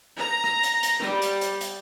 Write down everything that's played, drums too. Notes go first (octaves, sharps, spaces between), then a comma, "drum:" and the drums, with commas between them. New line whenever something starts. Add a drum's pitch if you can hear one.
A#5
drum: rim click
drum: hi-hat
drum: hi-hat
G3, drum: rim click
drum: hi-hat
drum: hi-hat
drum: hi-hat